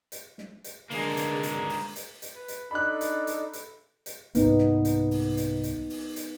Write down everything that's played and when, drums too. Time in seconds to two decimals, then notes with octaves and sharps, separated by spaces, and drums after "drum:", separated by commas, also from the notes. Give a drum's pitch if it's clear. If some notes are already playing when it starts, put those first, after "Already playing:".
0.12 drum: hi-hat
0.38 drum: snare
0.64 drum: hi-hat
0.91 D3 G#3 A#3 D4 G#4, drum: open hi-hat
1.17 drum: hi-hat
1.43 drum: hi-hat
1.69 drum: open hi-hat
1.96 drum: hi-hat
2.22 drum: hi-hat
2.35 B4
2.48 drum: hi-hat
2.71 D4 D#4 A4 B5 F#6
3.01 drum: hi-hat
3.27 drum: hi-hat
3.53 drum: hi-hat
4.06 drum: hi-hat
4.35 C2 G#2 A#3 B3 D#4, drum: hi-hat
4.58 drum: snare
4.85 drum: hi-hat
5.11 drum: open hi-hat
5.37 drum: hi-hat
5.64 drum: hi-hat
5.90 drum: open hi-hat
6.16 drum: hi-hat